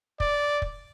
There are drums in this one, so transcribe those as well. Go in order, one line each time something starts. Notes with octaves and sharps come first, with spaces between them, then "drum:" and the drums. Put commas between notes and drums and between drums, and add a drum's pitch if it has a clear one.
D5, drum: kick
drum: kick